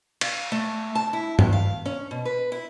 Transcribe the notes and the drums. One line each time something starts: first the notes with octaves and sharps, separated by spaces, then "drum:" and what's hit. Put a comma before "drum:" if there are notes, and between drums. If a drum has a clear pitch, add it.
F5, drum: cymbal
A3
A5
E4
G2, drum: tom G2
F5
C#4
B2
B4
E4